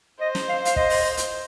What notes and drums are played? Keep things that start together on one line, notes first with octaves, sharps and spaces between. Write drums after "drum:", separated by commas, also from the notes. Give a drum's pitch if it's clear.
C5 D#5
drum: snare
F5
F5, drum: hi-hat
D#5, drum: kick
drum: open hi-hat
drum: hi-hat